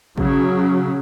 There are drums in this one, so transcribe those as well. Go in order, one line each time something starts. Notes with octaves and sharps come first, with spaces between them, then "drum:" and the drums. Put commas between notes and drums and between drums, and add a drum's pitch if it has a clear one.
C#3 F#3, drum: kick A1